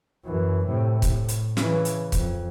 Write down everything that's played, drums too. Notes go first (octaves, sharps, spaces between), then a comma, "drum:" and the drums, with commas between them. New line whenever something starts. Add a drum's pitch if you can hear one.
F#2 E3
A2 C3
A2, drum: kick C#1, hi-hat
drum: hi-hat
C#3 E3, drum: snare
drum: hi-hat
F2, drum: kick C#1, hi-hat